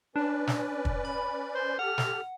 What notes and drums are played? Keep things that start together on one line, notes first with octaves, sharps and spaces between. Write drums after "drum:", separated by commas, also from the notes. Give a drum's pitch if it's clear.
C#4 D4 B4 D5
drum: snare
drum: kick
B5
C5
G4 A4 F#5 F6
drum: snare